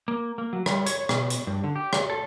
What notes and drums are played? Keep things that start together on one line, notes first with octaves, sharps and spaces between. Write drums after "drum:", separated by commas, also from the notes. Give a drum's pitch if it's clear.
A#3
A#3
F#3
G3, drum: rim click
C#5, drum: hi-hat
B2, drum: rim click
drum: hi-hat
G2
D3
G4
drum: rim click
A4